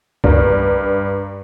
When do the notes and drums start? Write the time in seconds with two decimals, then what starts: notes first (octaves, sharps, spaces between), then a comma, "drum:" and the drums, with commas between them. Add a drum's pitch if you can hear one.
0.24 G2 D4 A#4, drum: kick C2